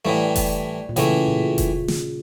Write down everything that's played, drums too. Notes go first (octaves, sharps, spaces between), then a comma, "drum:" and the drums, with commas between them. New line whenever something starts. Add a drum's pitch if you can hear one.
A2 E3 G3 A3
drum: kick F1, open hi-hat
A#2
A2 C#3 E3 A3, drum: hi-hat
A#2
drum: kick F1, hi-hat
drum: snare